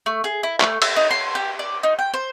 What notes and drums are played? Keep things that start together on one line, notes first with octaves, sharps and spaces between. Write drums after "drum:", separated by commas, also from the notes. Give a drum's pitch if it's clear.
A3
G#4
E4
A3, drum: clap
E6, drum: cymbal
D#4
C6
G4
D5
D#4
G5
C5